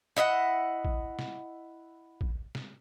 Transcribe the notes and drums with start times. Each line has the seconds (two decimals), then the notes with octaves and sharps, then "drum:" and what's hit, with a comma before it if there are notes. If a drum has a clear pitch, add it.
0.16 E4 D#5 E5 F#5
0.85 drum: kick A1
1.19 drum: snare
2.21 drum: kick A1
2.55 drum: snare